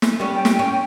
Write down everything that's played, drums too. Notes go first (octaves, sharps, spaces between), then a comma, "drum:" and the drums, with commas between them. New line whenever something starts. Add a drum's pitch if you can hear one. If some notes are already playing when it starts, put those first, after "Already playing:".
drum: snare
G3 B3 C#4
G5
drum: snare
C#4